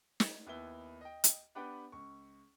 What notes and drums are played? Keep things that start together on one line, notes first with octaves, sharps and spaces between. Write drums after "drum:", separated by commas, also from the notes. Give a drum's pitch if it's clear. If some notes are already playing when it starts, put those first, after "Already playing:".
drum: snare
D#2 B3 E4 G7
D#5 G5
drum: hi-hat
B3 D4 G4 B4 F#5 G5
C#2 C#6